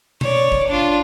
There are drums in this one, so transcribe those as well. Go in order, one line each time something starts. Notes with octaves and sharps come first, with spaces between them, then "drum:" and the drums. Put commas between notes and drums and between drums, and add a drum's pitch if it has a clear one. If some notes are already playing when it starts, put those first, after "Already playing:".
C#5 D5, drum: tom B2
drum: kick
D4 F4